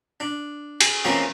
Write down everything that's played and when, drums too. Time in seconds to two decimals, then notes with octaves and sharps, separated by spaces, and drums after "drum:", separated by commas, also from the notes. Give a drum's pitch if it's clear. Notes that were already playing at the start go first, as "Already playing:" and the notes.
0.20 D4
0.81 G#4, drum: cymbal
1.04 E3 F3 G#3 A#3 C4 C#4